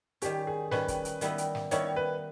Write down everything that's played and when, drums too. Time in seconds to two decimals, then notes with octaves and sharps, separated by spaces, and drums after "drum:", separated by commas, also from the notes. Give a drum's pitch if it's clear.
0.22 D#3 G3 C#4 G4, drum: hi-hat
0.47 G#4
0.71 D#3 G3 C#4 B4, drum: snare
0.88 drum: kick, hi-hat
1.05 drum: hi-hat
1.21 D#3 G3 B3 E4 A#4, drum: hi-hat
1.38 drum: hi-hat
1.55 drum: snare
1.71 D#3 G3 B3 E4 A#4 C#5, drum: hi-hat
1.96 B4